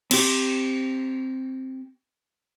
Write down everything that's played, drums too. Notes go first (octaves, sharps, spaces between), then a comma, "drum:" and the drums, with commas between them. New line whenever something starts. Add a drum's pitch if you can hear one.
C4 G4, drum: cymbal